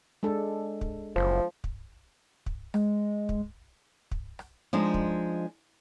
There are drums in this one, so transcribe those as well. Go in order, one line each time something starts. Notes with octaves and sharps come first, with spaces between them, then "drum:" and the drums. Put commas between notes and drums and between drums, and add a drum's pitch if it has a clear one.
G#3 D4 A4
drum: kick
F#1 F3
drum: kick
drum: kick
G#3, drum: rim click
drum: kick
drum: kick
drum: rim click
F3 G#3 D4 D#4
drum: kick